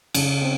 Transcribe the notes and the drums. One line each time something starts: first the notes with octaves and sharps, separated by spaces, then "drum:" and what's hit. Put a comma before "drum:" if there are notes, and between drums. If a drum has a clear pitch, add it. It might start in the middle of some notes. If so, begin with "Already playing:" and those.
C#3, drum: cymbal
C4